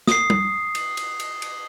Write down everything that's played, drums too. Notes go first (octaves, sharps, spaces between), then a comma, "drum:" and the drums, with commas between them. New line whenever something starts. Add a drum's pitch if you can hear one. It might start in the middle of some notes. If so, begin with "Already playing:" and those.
D#6 C7, drum: snare
drum: tom G3
drum: cymbal
drum: cymbal
drum: cymbal
drum: cymbal